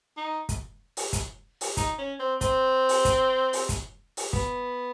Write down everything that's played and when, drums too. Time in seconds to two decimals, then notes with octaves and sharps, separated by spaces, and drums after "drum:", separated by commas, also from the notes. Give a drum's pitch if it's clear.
0.17 D#4
0.49 drum: kick, hi-hat
0.97 drum: open hi-hat
1.13 drum: kick, hi-hat
1.61 drum: open hi-hat
1.77 D#4, drum: kick, hi-hat
1.98 C#4
2.19 C4
2.41 C4, drum: kick, hi-hat
2.89 drum: open hi-hat
3.05 drum: kick, hi-hat
3.53 drum: open hi-hat
3.69 drum: kick, hi-hat
4.17 drum: open hi-hat
4.33 B3, drum: kick